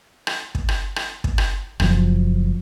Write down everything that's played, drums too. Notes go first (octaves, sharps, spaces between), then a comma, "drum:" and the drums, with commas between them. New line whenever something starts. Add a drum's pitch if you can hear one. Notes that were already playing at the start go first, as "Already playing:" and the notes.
drum: rim click
drum: kick
drum: rim click
drum: rim click
drum: kick
drum: rim click
F#1 F#2 A#2 F3, drum: rim click